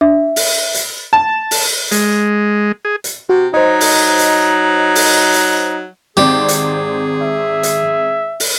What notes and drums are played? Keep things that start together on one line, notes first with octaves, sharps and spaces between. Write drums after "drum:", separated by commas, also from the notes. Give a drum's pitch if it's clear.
D4 E5
drum: open hi-hat
drum: hi-hat
A5
drum: open hi-hat
G#3, drum: hi-hat
G#4
drum: hi-hat
C3 F#4
F#3 D#4 C5 D#5
drum: open hi-hat
drum: hi-hat
drum: open hi-hat
drum: hi-hat
G#1 C4 G4 G#4 D5
drum: hi-hat
E5
drum: hi-hat
drum: open hi-hat